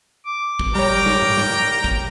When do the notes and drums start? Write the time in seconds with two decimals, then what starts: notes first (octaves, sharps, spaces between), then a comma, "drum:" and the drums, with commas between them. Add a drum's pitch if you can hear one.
0.25 D6
0.59 drum: kick
0.75 G3 A#4 C#5 G5 A#5
1.06 drum: snare
1.22 drum: tom G#2
1.37 drum: snare
1.84 drum: kick